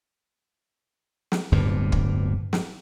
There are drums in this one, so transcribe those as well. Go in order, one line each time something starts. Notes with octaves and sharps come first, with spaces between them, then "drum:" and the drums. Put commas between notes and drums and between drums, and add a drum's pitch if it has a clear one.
drum: snare
D1 G1 G2 A#2
drum: kick
drum: snare